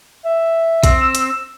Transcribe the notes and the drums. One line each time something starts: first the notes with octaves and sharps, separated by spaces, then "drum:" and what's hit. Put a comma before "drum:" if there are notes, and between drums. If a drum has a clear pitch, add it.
E5
C4, drum: kick A#1, hi-hat
E6
drum: hi-hat